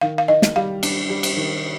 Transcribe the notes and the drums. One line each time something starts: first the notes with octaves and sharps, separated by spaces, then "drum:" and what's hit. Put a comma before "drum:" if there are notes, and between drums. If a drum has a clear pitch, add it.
D#3 F5
F5
D#3 D#5
drum: snare
G3 F5
D4, drum: cymbal
G3
drum: cymbal
D#3